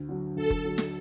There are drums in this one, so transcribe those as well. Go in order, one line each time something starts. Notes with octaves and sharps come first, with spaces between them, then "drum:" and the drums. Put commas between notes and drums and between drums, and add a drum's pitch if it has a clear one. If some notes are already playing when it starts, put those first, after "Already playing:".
Already playing: D2
D3 F#3
D2 A4
drum: kick F#1
D3 F#3
drum: snare